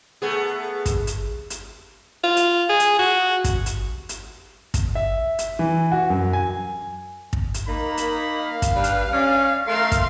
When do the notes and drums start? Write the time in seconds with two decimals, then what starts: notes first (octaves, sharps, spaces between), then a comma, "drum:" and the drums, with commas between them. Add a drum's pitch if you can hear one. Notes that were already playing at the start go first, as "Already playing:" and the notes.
0.22 A3 B3 G#4
0.86 drum: kick, hi-hat
1.07 drum: hi-hat
1.50 drum: hi-hat
2.24 F4
2.37 drum: hi-hat
2.69 G#4
2.80 drum: hi-hat
2.99 F#4
3.44 drum: kick, hi-hat
3.66 drum: hi-hat
4.09 drum: hi-hat
4.74 drum: kick, hi-hat
4.95 E5
5.39 drum: hi-hat
5.59 E3
5.92 F#4
6.10 F#2
6.33 G#5
7.33 drum: kick
7.54 drum: hi-hat
7.67 A#3 D#4 B5
7.97 drum: hi-hat
8.43 F5
8.62 drum: kick, hi-hat
8.74 G3 D4 B4
8.84 drum: hi-hat
9.12 C#4 D5
9.67 A3 A#4 F5 C6
9.92 drum: kick, hi-hat